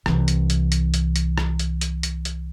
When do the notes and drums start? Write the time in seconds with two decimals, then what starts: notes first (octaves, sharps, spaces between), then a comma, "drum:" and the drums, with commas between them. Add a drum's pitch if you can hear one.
0.06 C2 E3, drum: rim click
0.28 drum: hi-hat
0.50 drum: hi-hat
0.72 drum: hi-hat
0.94 drum: hi-hat
1.16 drum: hi-hat
1.38 drum: rim click
1.59 drum: hi-hat
1.81 drum: hi-hat
2.03 drum: hi-hat
2.25 drum: hi-hat